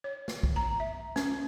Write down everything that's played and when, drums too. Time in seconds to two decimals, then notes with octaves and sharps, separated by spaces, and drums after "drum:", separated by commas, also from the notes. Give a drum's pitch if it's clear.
0.04 C#5
0.28 drum: snare
0.43 drum: kick
0.56 A#5
0.80 E5
1.16 C#4, drum: snare